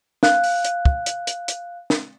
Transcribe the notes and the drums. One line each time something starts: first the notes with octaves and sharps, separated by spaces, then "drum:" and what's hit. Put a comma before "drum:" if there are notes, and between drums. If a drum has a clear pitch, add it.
F5 F#6, drum: snare
drum: open hi-hat
drum: hi-hat
drum: kick
drum: hi-hat
drum: hi-hat
drum: hi-hat
drum: snare